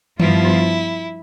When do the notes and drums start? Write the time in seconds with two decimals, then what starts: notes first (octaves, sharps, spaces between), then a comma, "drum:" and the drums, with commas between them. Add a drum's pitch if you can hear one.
0.20 G2 F3 B3 E4 F4, drum: tom D#3